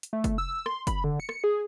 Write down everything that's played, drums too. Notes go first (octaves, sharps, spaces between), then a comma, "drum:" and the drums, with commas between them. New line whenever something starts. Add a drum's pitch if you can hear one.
drum: hi-hat
A3
drum: kick, hi-hat
E6
C6, drum: rim click
B5, drum: kick, hi-hat
D3
C#7
drum: rim click
G#4